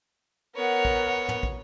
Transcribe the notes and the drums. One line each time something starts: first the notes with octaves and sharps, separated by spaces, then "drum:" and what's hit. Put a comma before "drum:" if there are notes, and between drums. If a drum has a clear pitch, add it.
B3 A#4 C#5 F#5
drum: kick
drum: tom
drum: kick